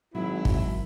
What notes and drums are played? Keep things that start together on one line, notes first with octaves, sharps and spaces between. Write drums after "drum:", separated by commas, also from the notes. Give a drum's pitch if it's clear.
G#1 F#3 E4
drum: kick